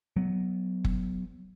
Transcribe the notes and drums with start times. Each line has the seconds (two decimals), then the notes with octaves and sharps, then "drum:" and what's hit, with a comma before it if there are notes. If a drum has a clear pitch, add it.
0.16 F#3 B3
0.85 drum: kick